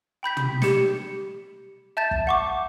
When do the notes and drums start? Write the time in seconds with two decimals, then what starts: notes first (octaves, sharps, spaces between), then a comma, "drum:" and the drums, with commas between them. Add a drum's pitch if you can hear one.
0.23 G5 B5 G6 B6
0.37 drum: tom
0.62 G4 C#7, drum: snare
1.97 E5 A5 G6 A6 E7
2.11 drum: kick
2.27 F#5 C#6 D6